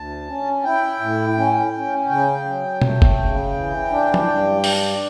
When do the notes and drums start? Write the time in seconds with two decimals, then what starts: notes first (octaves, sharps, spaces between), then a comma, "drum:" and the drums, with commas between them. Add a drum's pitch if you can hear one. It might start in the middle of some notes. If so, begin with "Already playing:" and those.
Already playing: D2 A5
0.28 C#4
0.64 E4 G5
1.00 A2
1.37 C#4
1.73 C#4
2.08 C#3 G5
2.45 F#3
2.82 A3, drum: tom B2
3.02 drum: kick
3.18 C#3
3.54 E3
3.91 D4
4.14 drum: tom F3
4.27 G2
4.64 D4, drum: open hi-hat